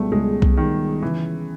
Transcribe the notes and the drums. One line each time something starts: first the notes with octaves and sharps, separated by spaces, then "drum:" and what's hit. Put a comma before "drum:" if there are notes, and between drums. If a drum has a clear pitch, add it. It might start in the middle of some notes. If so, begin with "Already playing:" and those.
Already playing: C#2 B2 G3 A3
C#2 G#3
drum: kick B1
B2 D#3 G3
C#3 E3